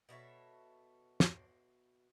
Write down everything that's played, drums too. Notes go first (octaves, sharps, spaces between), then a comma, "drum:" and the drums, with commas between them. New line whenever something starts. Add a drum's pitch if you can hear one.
B2 A4 C#5 E5
drum: snare